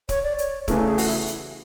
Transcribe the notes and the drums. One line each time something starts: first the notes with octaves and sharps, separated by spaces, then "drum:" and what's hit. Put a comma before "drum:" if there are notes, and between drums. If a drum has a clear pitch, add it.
C#5, drum: kick D1, hi-hat
D5
C#5, drum: hi-hat
E2 C#3 E3 A3 B4, drum: kick D1, hi-hat
A4
G#4
F#4, drum: open hi-hat
E4
drum: hi-hat